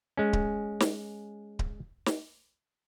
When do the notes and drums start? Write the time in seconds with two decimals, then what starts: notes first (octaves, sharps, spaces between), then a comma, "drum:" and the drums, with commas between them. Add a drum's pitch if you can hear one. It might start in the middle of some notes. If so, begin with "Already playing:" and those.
0.17 G#3 C#4
0.33 drum: kick D1
0.80 drum: snare
1.59 drum: kick D1
2.06 drum: snare